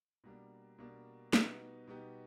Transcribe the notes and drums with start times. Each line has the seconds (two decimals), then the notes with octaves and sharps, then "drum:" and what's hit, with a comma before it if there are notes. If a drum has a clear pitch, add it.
0.24 B2 G3 A#3 D4
0.79 B2 G3 A#3 D4
1.33 B2 G3 B3 D#4 G4, drum: snare
1.87 B2 G3 B3 D#4 G4